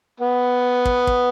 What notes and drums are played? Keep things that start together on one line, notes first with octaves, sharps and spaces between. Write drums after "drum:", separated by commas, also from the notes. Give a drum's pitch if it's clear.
B3
drum: kick
drum: kick